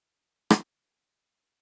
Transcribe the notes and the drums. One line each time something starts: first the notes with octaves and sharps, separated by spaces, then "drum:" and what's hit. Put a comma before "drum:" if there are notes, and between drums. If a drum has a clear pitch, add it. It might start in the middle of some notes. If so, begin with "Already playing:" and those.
drum: rim click
G#3 A#4
C#5 F5